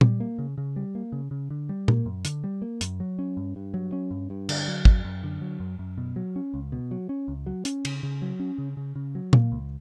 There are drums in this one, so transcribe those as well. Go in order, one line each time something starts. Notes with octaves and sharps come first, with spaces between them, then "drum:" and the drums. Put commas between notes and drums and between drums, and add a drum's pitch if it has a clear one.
G3, drum: tom
A#3
C#3
C#3
G3
A#3
C#3
C#3
D3
G3
A#3, drum: tom A#2
F#2
D3, drum: hi-hat
G3
A#3
F#2, drum: hi-hat
F#3
C#4
G2
G2
F#3
C#4
G2
G2
D3, drum: cymbal
F#3
F#2, drum: kick
F#2
D3
F#3
F#2
F#2
B2
F#3
C#4
C#2
B2
F#3
C#4
C#2
F#3
C#4, drum: hi-hat
C#3, drum: cymbal
C#3
F#3
C#4
C#3
C#3
C#3
F#3
A#3, drum: tom
C#2